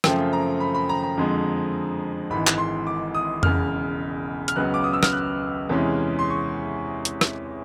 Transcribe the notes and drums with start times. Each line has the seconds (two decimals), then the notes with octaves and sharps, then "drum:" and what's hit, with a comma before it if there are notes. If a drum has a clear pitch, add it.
0.04 F#2 C#3 F3 A3 C4 G5, drum: rim click
0.33 A#5
0.60 B5
0.75 B5
0.89 A#5
1.03 A#5
1.17 F2 D3 F3 G#3
2.30 G#1 G#2 E3 B5
2.47 drum: clap
2.58 C6
2.87 D6
3.15 D#6
3.43 E1 E2 C#3 F6, drum: tom F2
4.48 F6, drum: hi-hat
4.56 C#2 C#3 F#3 B3 F#6
4.74 D6
4.84 D#6
4.93 E6
5.03 F6, drum: rim click
5.12 F#6
5.69 E2 C3 E3 G#3 C#4
6.19 C6
6.30 C#6
7.05 drum: hi-hat
7.21 drum: rim click